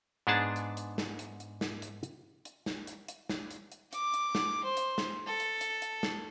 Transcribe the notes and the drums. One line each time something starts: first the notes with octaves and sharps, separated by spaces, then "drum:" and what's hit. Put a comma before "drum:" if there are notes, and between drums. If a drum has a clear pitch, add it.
G#2 B3 D4 G#4 A5
drum: hi-hat
drum: hi-hat
drum: snare
drum: hi-hat
drum: hi-hat
drum: snare
drum: hi-hat
drum: hi-hat
drum: hi-hat
drum: snare
drum: hi-hat
drum: hi-hat
drum: snare
drum: hi-hat
drum: hi-hat
D6, drum: hi-hat
drum: hi-hat
drum: snare
C5
drum: hi-hat
drum: snare
A4
drum: hi-hat
drum: hi-hat
drum: hi-hat
drum: snare